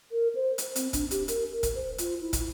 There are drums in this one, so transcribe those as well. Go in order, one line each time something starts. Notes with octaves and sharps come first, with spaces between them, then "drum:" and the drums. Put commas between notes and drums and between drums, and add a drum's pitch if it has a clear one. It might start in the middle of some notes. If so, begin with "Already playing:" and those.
A#4
C5
drum: hi-hat
C4, drum: hi-hat
D4, drum: kick, hi-hat
G4, drum: hi-hat
A#4, drum: hi-hat
A#4
drum: kick, hi-hat
C5
F4, drum: hi-hat
E4
drum: kick, hi-hat